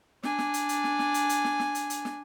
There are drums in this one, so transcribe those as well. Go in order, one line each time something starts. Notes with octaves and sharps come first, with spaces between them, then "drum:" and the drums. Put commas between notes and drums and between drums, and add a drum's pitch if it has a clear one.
D4 G#5, drum: snare
drum: snare
drum: hi-hat
drum: hi-hat
drum: snare
drum: snare
drum: hi-hat
drum: hi-hat
drum: snare
drum: snare
drum: hi-hat
drum: hi-hat
drum: snare